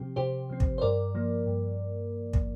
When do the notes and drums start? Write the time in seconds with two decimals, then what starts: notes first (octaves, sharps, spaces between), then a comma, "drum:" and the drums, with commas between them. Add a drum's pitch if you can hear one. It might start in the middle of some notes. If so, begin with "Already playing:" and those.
Already playing: C3 F3 C4 G4
0.16 C3 G4 C5
0.49 F3 C4
0.60 drum: kick
0.78 C5
0.81 G2 A#4 D5
1.15 F3 A#3
1.46 G2
2.33 drum: kick